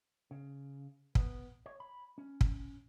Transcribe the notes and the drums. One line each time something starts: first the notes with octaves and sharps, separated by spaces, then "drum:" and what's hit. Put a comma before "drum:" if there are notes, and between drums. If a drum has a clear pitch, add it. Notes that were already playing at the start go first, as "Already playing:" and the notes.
C#3
B3, drum: kick
C#5
B5
C#4
drum: kick